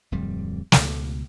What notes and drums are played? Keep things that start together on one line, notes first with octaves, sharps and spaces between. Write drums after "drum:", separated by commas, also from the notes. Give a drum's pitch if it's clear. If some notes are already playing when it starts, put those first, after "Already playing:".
D1 F2 G3
C#2 B2, drum: snare